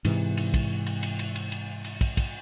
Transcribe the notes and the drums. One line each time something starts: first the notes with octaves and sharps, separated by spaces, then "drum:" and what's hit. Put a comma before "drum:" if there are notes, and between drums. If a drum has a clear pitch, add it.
G#2 C3 E3, drum: cymbal
drum: cymbal
drum: kick, cymbal
drum: cymbal
drum: cymbal
drum: cymbal
drum: cymbal
drum: cymbal
drum: cymbal
drum: kick, cymbal
drum: kick, cymbal